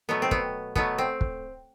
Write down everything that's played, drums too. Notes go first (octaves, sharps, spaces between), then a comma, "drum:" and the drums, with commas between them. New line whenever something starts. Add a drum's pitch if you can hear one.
B2 F#3 A3 B3
C4
B3, drum: kick
B2 F#3 A3 B3, drum: kick
C4
drum: kick